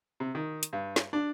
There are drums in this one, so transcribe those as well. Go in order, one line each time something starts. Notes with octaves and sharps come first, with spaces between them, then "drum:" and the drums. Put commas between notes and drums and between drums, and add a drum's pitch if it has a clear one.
C3
D#3
drum: hi-hat
G2
drum: snare
D4